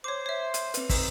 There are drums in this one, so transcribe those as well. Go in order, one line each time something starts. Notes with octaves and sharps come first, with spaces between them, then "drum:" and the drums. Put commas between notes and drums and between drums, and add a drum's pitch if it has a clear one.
C5 C#5 D6
C#5 E5
drum: hi-hat
C4 B4, drum: hi-hat
D#4 B4 C5 E6, drum: kick, open hi-hat